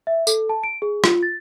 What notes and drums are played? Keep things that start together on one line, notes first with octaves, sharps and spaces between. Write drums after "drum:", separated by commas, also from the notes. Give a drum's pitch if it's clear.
E5
A4, drum: tambourine
A5
D7
G#4
F4, drum: rim click
A6